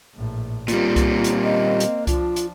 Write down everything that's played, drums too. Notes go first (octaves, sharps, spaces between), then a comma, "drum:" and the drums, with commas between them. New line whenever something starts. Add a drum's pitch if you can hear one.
A#1 A2
A#2 G3 A#3 C4 F4, drum: hi-hat
drum: kick C2, hi-hat
drum: hi-hat
D#5
drum: hi-hat
F3 D4 F4, drum: kick C2, hi-hat
drum: hi-hat